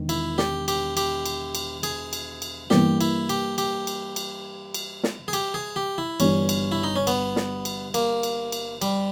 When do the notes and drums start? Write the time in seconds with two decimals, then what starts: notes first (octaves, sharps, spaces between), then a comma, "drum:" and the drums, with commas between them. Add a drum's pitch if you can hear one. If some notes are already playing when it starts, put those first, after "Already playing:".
Already playing: E1 D#3
0.09 E4, drum: cymbal
0.38 G4, drum: snare
0.68 G4, drum: cymbal
0.97 G4, drum: cymbal
1.26 drum: cymbal
1.55 drum: cymbal
1.83 G#4, drum: cymbal
2.13 drum: cymbal
2.42 drum: cymbal
2.70 G2 E3 A#3 G4, drum: snare
3.01 E4, drum: cymbal
3.29 G4, drum: cymbal
3.58 G4, drum: cymbal
3.87 drum: cymbal
4.16 drum: cymbal
4.74 drum: cymbal
5.04 drum: snare
5.28 G#4
5.33 G4, drum: cymbal
5.54 G#4
5.76 G4
5.98 E4
6.20 G1 G2 E3 C#4, drum: cymbal
6.49 drum: cymbal
6.72 E4
6.84 D#4
6.96 C#4
7.07 B3, drum: cymbal
7.36 drum: snare
7.65 drum: cymbal
7.94 A#3, drum: cymbal
8.23 drum: cymbal
8.52 drum: cymbal
8.82 G3, drum: cymbal